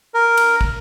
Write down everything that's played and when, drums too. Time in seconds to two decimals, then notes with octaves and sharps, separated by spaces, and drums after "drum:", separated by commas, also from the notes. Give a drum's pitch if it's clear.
0.14 A#4
0.37 drum: cymbal
0.61 drum: kick